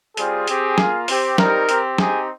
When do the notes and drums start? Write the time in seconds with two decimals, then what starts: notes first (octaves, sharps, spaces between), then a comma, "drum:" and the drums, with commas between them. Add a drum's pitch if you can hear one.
0.17 G3 C4 F4 G#4, drum: hi-hat
0.48 C4 G4, drum: hi-hat
0.78 A#3 F4, drum: snare
1.08 C4 G4, drum: open hi-hat
1.38 G3 C4 D#4 G4 A#4, drum: snare
1.69 C4 G4, drum: hi-hat
1.98 C4 D#4 G4 G#4, drum: snare